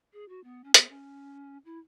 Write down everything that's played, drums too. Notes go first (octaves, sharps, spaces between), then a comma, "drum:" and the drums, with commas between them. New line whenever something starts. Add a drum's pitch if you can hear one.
G#4
F#4
B3
C#4
B3, drum: hi-hat
C#4
E4